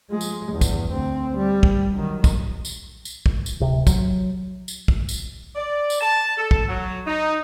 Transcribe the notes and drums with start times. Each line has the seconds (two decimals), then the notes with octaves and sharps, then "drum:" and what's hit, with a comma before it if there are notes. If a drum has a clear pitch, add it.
0.11 F3 G#3
0.21 drum: tambourine
0.50 E2 G2
0.61 drum: kick, tambourine
0.90 D2 C4
1.37 G3
1.63 drum: kick
1.92 D#3 F#3
2.24 drum: kick, tambourine
2.65 drum: tambourine
3.05 drum: tambourine
3.26 drum: kick
3.46 drum: tambourine
3.60 D1 C3
3.87 F#3, drum: kick, tambourine
4.68 drum: tambourine
4.88 drum: kick
5.09 drum: tambourine
5.56 D5
5.90 drum: tambourine
6.01 A5
6.38 A4
6.51 drum: kick
6.68 F#3
7.06 D#4